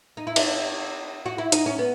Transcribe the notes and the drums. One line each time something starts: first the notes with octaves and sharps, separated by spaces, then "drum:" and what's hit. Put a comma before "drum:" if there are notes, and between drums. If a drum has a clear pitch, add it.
D#4
E4
D#4, drum: cymbal
F#4
E4
D#4, drum: hi-hat
C#4
B3